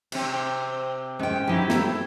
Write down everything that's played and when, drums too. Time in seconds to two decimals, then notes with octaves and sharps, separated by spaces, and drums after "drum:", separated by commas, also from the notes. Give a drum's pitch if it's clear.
0.12 C3 C4, drum: cymbal
1.19 G#3 C#4 G5
1.47 F#3 D#4 E4 G4
1.70 E4 A4, drum: snare